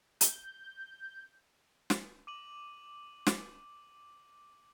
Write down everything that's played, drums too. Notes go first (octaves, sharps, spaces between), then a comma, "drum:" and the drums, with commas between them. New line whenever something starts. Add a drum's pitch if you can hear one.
G6, drum: hi-hat
drum: snare
D6 D#7 F#7
drum: snare